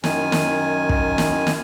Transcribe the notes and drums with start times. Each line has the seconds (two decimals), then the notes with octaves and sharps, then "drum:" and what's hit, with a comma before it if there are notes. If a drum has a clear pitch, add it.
0.04 F#2 D#3 G#5, drum: snare
0.32 drum: snare
0.89 drum: kick
1.18 drum: snare
1.47 drum: snare